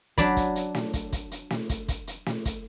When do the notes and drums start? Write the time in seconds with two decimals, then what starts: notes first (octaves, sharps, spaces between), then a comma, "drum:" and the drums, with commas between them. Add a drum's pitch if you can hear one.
0.18 F#3 D4 D5 B5, drum: kick, hi-hat
0.37 drum: kick, hi-hat
0.56 drum: hi-hat
0.75 drum: snare
0.94 drum: kick, hi-hat
1.12 drum: kick, hi-hat
1.31 drum: hi-hat
1.50 drum: snare
1.69 drum: kick, hi-hat
1.88 drum: kick, hi-hat
2.07 drum: hi-hat
2.26 drum: snare
2.45 drum: kick, hi-hat